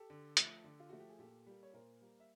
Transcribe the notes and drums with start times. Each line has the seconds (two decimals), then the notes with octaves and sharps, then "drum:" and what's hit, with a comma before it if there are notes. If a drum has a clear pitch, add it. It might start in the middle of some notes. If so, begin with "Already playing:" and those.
Already playing: G4 A4
0.10 D3
0.37 F3 A3, drum: hi-hat
0.64 D3
0.80 F4
0.89 F3 A3 F#4
0.99 G4
1.09 G#4
1.19 A#2 G4 A4
1.47 G3 A#3
1.63 C#5
1.73 A#2 A#4 C5
2.01 G3 A#3
2.20 E5